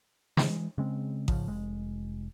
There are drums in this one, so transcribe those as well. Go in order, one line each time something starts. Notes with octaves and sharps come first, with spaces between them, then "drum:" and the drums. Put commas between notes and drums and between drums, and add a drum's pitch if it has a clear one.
E3 G#3, drum: snare
C#3 G#3 C4
G#2 C#3 F3, drum: kick A1
F1 G#3